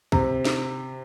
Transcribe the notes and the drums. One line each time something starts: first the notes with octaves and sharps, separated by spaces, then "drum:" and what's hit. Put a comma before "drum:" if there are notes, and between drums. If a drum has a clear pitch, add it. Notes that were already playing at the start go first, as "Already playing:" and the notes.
C3, drum: kick
drum: snare